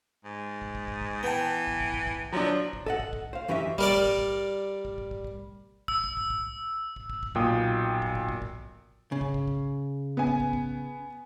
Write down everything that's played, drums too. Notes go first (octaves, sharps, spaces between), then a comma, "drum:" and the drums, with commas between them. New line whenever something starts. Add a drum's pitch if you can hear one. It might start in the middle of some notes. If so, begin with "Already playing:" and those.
G#2
drum: kick
drum: kick
drum: kick
drum: kick
E3 B3 G5 A5 G6
drum: kick
drum: kick
drum: kick
drum: kick
F3 F#3 D4
drum: kick
A4 D#5 F#5, drum: kick
drum: kick
drum: kick
C5 F5
F#2 E3 C#4 G4 D#5 E5
G3 A#4 D5, drum: kick
drum: kick
drum: kick
drum: kick
drum: kick
drum: kick
drum: kick
drum: kick
E6, drum: kick
drum: kick
drum: kick
drum: kick
drum: kick
drum: kick
drum: kick
B1 A#2 G5 D#6, drum: kick
drum: kick
drum: kick
drum: kick
drum: kick
C#3
drum: kick
drum: kick
drum: kick
B3 G#5
drum: kick
drum: kick
drum: kick